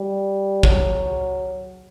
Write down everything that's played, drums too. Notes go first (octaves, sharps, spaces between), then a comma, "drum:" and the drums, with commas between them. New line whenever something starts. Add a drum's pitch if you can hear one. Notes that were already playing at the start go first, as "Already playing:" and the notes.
Already playing: G3
F#3, drum: kick